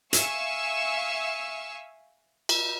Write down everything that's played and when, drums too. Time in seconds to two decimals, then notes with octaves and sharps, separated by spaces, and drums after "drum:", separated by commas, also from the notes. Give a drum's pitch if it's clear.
0.13 E5 F5 G#5 C#6 E6, drum: hi-hat
2.49 drum: cymbal